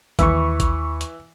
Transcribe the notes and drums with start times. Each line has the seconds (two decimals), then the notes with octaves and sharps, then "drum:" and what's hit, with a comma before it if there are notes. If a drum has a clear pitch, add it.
0.19 D#2 E3 B5 C#6, drum: kick, hi-hat
0.60 drum: kick, hi-hat
1.01 drum: hi-hat